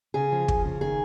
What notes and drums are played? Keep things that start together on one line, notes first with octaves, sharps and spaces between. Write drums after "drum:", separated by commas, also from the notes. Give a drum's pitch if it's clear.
C#3 G#4
F3
F3, drum: kick
C#3
D#3 G#4